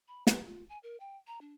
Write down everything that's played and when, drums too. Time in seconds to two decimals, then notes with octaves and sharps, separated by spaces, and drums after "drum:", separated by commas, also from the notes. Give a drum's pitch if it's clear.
0.08 B5
0.27 B4, drum: snare
0.47 F4
0.69 G#5
0.83 A#4
1.00 G5
1.27 A#5
1.41 D4